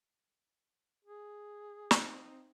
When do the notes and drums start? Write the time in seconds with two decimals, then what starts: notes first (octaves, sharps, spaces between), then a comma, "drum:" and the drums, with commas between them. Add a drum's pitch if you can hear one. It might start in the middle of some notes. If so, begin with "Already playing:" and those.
1.05 G#4
1.91 C4 D#4, drum: snare